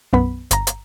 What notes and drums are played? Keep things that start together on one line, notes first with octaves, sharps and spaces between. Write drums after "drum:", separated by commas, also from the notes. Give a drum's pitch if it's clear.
B1 F#2 B3 B5
G1 A#5, drum: hi-hat
drum: hi-hat